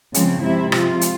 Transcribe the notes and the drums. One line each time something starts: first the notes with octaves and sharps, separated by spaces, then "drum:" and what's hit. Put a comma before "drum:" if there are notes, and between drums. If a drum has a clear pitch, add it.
C#3 F3 G#3 C4, drum: hi-hat
C3 F3 G#3 E4
C3 F3 G#3 F4, drum: rim click
drum: hi-hat